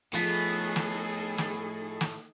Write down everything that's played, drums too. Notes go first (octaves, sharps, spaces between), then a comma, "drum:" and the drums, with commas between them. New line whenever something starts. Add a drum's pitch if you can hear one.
A2 F3 B3 D#4 G#4 A4, drum: hi-hat
drum: snare
drum: snare
drum: snare